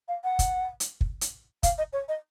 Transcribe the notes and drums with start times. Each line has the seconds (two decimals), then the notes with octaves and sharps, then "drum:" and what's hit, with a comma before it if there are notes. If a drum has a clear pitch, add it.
0.08 F5
0.24 F#5
0.39 drum: kick, hi-hat
0.80 drum: hi-hat
1.01 drum: kick
1.21 drum: hi-hat
1.63 F5, drum: kick, hi-hat
1.78 D#5
1.93 C#5
2.08 D#5